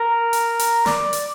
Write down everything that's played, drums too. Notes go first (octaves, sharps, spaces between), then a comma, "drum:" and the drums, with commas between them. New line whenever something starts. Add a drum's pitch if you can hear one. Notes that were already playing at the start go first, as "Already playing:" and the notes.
Already playing: A#4
drum: hi-hat
drum: hi-hat
D5, drum: snare
drum: hi-hat